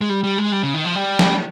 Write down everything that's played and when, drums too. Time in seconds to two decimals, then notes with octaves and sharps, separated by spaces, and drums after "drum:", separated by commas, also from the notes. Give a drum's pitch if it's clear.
0.01 G#3
0.09 G3
0.24 G3
0.38 G#3
0.52 G3
0.63 C#3
0.74 D#3
0.85 F3
0.95 G3
1.19 drum: snare